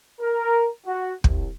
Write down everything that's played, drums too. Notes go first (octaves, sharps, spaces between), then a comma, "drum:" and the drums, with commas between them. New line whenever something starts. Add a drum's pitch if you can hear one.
A#4
F#4
C2, drum: kick